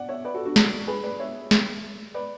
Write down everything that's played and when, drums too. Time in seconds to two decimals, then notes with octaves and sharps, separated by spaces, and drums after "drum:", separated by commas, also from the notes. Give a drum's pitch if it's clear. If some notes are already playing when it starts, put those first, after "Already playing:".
Already playing: D5 F#5
0.08 C#5 E5
0.25 B4 D5
0.34 F#4 A4
0.45 D4 F#4
0.56 drum: snare
0.87 G#4 B4
1.04 B4 D5
1.19 C#5 E5
1.51 drum: snare
2.14 B4 D5